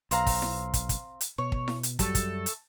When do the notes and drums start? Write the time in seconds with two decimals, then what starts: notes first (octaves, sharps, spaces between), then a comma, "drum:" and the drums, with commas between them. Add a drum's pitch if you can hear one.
0.11 B1 C4 F5 A#5, drum: hi-hat
0.26 drum: kick, open hi-hat
0.42 drum: snare E4
0.74 drum: kick, hi-hat
0.89 drum: kick, hi-hat
1.21 drum: hi-hat
1.38 B2 C#5
1.52 drum: kick
1.68 drum: snare E4
1.83 drum: hi-hat
1.99 F#2 F#3 G3 A3 B3 A4, drum: kick, hi-hat
2.15 drum: kick, hi-hat
2.46 drum: hi-hat